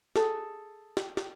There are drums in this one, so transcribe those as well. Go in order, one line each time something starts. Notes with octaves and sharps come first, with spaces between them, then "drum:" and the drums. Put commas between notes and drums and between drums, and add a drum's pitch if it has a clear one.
G#4 A4, drum: snare
drum: snare
drum: snare